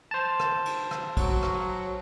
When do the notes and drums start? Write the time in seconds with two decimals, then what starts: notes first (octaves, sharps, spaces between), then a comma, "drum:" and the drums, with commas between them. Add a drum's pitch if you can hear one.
0.11 C5 A5
0.40 drum: rim click
0.65 drum: cymbal
0.91 drum: rim click
1.17 F#3, drum: kick, cymbal
1.43 drum: rim click